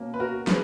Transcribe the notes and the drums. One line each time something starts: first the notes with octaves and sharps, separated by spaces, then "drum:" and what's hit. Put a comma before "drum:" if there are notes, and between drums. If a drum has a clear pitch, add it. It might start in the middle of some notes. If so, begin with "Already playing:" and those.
Already playing: B2 A#3 C#4
B4
F#4 A#4
G#4 B4, drum: snare